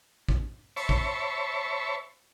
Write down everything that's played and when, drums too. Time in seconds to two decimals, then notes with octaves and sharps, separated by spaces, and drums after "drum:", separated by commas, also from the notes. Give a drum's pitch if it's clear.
0.29 drum: kick
0.76 C5 C#5 E5 A5 B5 C#6, drum: open hi-hat
0.89 drum: kick